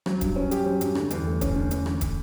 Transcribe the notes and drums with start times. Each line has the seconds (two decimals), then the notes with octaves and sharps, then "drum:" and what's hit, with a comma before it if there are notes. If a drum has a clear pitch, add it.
0.06 F#3, drum: rim click
0.21 G2, drum: kick, hi-hat
0.36 C#4
0.51 G4, drum: hi-hat
0.66 F#3
0.81 G2, drum: hi-hat
0.95 D3, drum: rim click
1.11 E2, drum: hi-hat
1.26 A3
1.41 C#4, drum: kick, hi-hat
1.56 D3
1.71 E2, drum: hi-hat
1.86 D3, drum: rim click
2.01 drum: kick, hi-hat